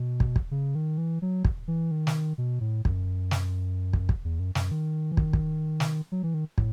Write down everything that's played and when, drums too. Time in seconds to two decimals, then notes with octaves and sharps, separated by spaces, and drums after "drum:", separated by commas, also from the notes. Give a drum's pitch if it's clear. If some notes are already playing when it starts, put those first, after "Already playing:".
Already playing: B2
0.20 drum: kick
0.36 drum: kick
0.51 C#3
0.75 D#3
0.98 E3
1.22 F#3
1.45 drum: kick
1.68 E3
1.91 D#3
2.07 drum: snare
2.38 B2
2.61 A2
2.85 F#2, drum: kick
3.31 drum: snare
3.93 drum: kick
4.09 drum: kick
4.24 E2
4.39 F#2
4.55 F#2, drum: snare
4.71 D#3
5.12 E3
5.17 D#3, drum: kick
5.33 drum: kick
5.80 drum: snare
6.12 F#3
6.23 E3
6.34 D#3
6.58 A2, drum: kick